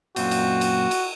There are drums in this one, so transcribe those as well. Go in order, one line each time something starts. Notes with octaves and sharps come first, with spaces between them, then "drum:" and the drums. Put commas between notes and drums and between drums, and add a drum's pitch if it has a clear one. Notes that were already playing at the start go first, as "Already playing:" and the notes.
F#2 A#2 C4 F#4, drum: cymbal
drum: cymbal
drum: cymbal
drum: cymbal